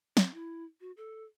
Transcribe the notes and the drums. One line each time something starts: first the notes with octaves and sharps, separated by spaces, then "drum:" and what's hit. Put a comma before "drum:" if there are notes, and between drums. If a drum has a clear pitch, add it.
C4, drum: snare
E4
F#4
A4